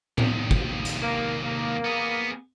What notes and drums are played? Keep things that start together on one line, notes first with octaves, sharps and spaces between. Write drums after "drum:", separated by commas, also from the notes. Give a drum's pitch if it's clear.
D#2 C3, drum: tom A2
drum: kick
drum: hi-hat
A#3
A#3
B3 G#4